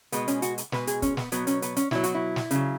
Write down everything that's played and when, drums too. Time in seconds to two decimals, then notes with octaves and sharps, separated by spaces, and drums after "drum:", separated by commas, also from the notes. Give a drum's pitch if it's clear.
0.12 B2 G#3 B3, drum: hi-hat
0.28 C#4, drum: hi-hat
0.42 F#4, drum: hi-hat
0.58 drum: hi-hat
0.72 B2 G#3 B4, drum: snare
0.87 G#4, drum: hi-hat
1.02 C#4, drum: kick, hi-hat
1.17 B3, drum: snare
1.32 B2 F#3 B3, drum: hi-hat
1.47 C#4, drum: hi-hat
1.62 B3, drum: hi-hat
1.76 C#4, drum: hi-hat
1.91 B2 F#3 E4, drum: snare
2.04 F#4, drum: hi-hat
2.14 E4
2.36 drum: snare
2.51 C#3 F#3, drum: hi-hat